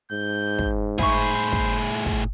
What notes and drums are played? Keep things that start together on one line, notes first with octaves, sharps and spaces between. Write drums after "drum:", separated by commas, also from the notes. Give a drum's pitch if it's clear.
G#2 G6
drum: kick
A2 E4 G#4 C5 C#6, drum: kick
drum: kick
drum: kick